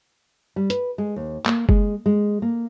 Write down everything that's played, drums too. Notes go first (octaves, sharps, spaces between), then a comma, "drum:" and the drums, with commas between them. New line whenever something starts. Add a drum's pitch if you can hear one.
G3
B4, drum: hi-hat
G#3
D#2
A#3, drum: clap
G#3, drum: kick F#1
G#3
A#3